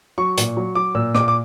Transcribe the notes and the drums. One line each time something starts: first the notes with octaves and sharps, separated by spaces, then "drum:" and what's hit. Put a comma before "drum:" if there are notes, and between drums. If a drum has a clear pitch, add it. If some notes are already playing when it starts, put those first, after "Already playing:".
F#3 C#6
A#2, drum: hi-hat
F#3
F#3 D6
A#2 E6
A#2 D6, drum: rim click
D6